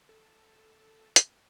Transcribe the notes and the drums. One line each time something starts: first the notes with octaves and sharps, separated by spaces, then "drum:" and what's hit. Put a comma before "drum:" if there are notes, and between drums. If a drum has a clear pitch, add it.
A4
drum: hi-hat